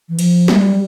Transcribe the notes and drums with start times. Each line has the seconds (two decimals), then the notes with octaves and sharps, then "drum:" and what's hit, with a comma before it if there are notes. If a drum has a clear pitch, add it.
0.09 E3
0.19 F3, drum: cymbal
0.48 G3, drum: snare